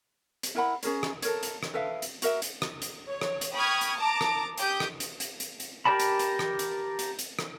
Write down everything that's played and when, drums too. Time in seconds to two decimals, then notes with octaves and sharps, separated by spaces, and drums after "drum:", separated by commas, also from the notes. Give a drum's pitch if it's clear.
0.43 drum: hi-hat
0.55 E4 A#4 F#5 B5
0.83 C#4 G#4 A#4 C#5, drum: hi-hat
1.03 drum: rim click
1.23 A4 A#4 C#5, drum: hi-hat
1.43 drum: hi-hat
1.63 drum: rim click
1.74 A4 B4 E5 F5
2.02 drum: hi-hat
2.22 F#4 A#4 E5, drum: hi-hat
2.42 drum: hi-hat
2.62 drum: rim click
2.82 drum: hi-hat
3.07 C#5
3.21 drum: rim click
3.41 drum: hi-hat
3.53 G5 B5 C#6 D#6 F6 G#6
3.81 drum: hi-hat
3.96 A5 A#5 D6
4.21 drum: rim click
4.58 G4 D#6 G6, drum: hi-hat
4.80 drum: rim click
5.00 drum: hi-hat
5.20 drum: hi-hat
5.40 drum: hi-hat
5.60 drum: hi-hat
5.85 G4 A#4 D5 A5 B5
6.00 drum: hi-hat
6.19 drum: hi-hat
6.39 drum: rim click
6.59 drum: hi-hat
6.99 drum: hi-hat
7.19 drum: hi-hat
7.39 drum: rim click